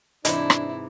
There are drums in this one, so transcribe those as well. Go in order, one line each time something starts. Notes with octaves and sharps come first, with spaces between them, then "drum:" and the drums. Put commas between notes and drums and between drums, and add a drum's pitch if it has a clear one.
G#2 C3 E3 D4 E4 C5 D#5, drum: hi-hat
drum: rim click